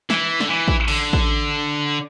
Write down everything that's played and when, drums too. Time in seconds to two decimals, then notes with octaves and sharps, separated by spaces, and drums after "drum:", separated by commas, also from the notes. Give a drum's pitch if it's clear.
0.10 E3, drum: snare
0.40 D3, drum: snare
0.48 E3
0.68 drum: kick
0.88 D3, drum: cymbal
1.13 drum: kick